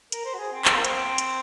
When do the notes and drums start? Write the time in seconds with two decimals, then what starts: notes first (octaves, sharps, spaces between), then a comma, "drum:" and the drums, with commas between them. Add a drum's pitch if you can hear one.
0.12 A#4, drum: hi-hat
0.25 C5
0.34 F#4
0.38 G#4
0.53 C4
0.65 C4, drum: clap
0.75 A#3
0.84 C4, drum: hi-hat
1.18 drum: hi-hat